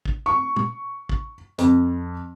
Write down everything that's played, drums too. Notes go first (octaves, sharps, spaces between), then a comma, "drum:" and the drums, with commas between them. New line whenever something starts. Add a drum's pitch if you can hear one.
drum: kick
C#6
drum: tom
drum: kick
F2, drum: hi-hat